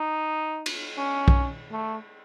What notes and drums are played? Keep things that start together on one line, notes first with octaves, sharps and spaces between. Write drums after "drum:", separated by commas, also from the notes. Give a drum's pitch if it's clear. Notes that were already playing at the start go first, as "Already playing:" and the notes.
Already playing: D#4
drum: cymbal
C#4
drum: kick
A3